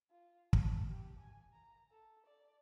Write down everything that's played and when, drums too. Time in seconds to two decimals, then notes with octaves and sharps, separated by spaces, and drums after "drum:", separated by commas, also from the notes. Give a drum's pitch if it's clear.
0.11 F4
0.53 A5, drum: kick
0.90 G4
1.19 G#5
1.53 A#5
1.91 A4
2.26 D5